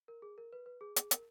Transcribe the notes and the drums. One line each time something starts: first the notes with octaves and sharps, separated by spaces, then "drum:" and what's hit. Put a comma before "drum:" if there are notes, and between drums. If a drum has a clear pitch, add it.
A#4
G#4
A#4
B4
B4
G#4
G#4, drum: hi-hat
A#4, drum: hi-hat